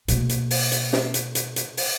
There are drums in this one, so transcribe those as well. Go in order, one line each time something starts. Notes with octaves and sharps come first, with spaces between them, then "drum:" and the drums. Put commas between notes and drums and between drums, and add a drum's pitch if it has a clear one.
B2 A#3, drum: hi-hat
drum: hi-hat
drum: open hi-hat
drum: hi-hat
drum: snare
drum: hi-hat
drum: hi-hat
drum: hi-hat
drum: open hi-hat